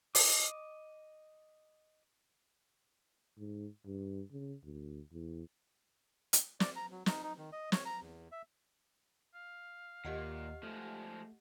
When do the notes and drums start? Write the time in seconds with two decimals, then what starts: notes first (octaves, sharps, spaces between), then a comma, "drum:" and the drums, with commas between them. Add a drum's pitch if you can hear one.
0.15 D#5 D6, drum: open hi-hat
3.38 G#2
3.86 G2
4.32 C#3
4.63 D2
5.13 E2
6.33 drum: hi-hat
6.60 D5, drum: snare
6.76 A#5
6.91 F#3
7.06 D#4, drum: snare
7.23 D#4
7.38 D#3
7.52 D#5
7.72 C#5, drum: snare
7.86 A#5
8.01 E2
8.32 E5
9.35 F5
10.05 D#2 A#2 G4 D#5 F#5
10.63 F3 G#3 A3